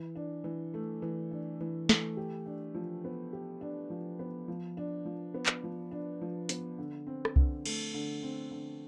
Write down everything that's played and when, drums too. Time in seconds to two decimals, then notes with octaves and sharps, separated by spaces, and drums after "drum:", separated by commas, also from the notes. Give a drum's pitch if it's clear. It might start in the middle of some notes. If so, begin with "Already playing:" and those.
Already playing: E3
0.15 D4
0.44 E3
0.74 A3
1.02 E3
1.31 D4
1.61 E3
1.89 A3, drum: snare
2.17 G4
2.46 D4
2.75 F3
3.05 B3
3.33 G4
3.61 D4
3.90 F3
4.19 B3
4.48 F3
4.77 D4
5.05 F3
5.34 B3
5.46 drum: clap
5.64 F3
5.91 D4
6.21 F3
6.49 B3, drum: hi-hat
6.78 D3
7.07 C4
7.25 drum: rim click
7.36 D3, drum: kick C2
7.65 A3, drum: cymbal
7.94 D3
8.23 C4
8.51 D3